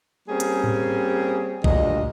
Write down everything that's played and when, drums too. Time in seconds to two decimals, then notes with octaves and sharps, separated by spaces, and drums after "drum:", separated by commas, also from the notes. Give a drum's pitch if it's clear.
0.29 G3 A#3 C4 C#4 G#4
0.40 drum: hi-hat
0.64 drum: tom G#2
1.64 D2 G2 A#2 D#5, drum: kick A#1